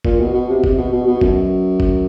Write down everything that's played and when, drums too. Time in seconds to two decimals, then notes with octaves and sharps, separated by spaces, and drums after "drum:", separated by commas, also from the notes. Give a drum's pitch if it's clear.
0.05 A#2, drum: kick
0.20 B2
0.34 B2
0.49 C3
0.64 C3, drum: kick
0.78 B2
0.93 B2
1.07 B2
1.21 F#2, drum: kick
1.80 drum: kick